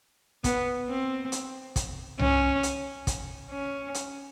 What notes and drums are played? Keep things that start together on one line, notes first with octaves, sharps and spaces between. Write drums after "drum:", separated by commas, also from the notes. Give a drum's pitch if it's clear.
B3, drum: kick, hi-hat
C4
drum: hi-hat
drum: kick, hi-hat
C#4, drum: tom C2
drum: hi-hat
drum: kick, hi-hat
C#4
drum: hi-hat